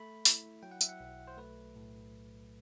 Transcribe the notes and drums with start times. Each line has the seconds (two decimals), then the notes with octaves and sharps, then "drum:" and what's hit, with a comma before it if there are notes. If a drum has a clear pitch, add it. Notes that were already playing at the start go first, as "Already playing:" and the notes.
Already playing: A3 B5
0.25 E4, drum: open hi-hat
0.63 F#3 G5
0.71 F#5
0.81 E5, drum: tambourine
0.89 F#5
1.00 B1
1.28 C5
1.38 A3 B4
1.76 A2